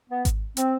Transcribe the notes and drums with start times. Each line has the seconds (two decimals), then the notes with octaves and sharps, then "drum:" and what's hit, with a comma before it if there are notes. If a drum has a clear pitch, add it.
0.09 B3
0.25 drum: kick G#1, hi-hat
0.57 C4, drum: hi-hat